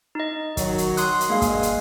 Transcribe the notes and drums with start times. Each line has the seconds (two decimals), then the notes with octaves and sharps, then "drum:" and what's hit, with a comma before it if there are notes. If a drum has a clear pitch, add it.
0.15 D#4 D#5
0.57 D#3 F#3, drum: kick, hi-hat
0.78 drum: hi-hat
0.97 C6 D#6 F#6, drum: hi-hat
1.20 drum: hi-hat
1.30 G2 G#3 A#3 F5
1.42 drum: kick, hi-hat
1.63 drum: hi-hat